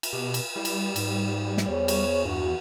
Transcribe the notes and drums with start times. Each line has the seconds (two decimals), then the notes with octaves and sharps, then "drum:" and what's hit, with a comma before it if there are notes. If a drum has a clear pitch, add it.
0.03 drum: cymbal
0.13 B2 G4
0.34 drum: cymbal
0.56 G3 E4
0.65 drum: cymbal
0.96 G#2, drum: cymbal
1.57 drum: snare
1.68 E2 G#4 C5 C#5
1.88 drum: cymbal
2.25 E2 G2 F#4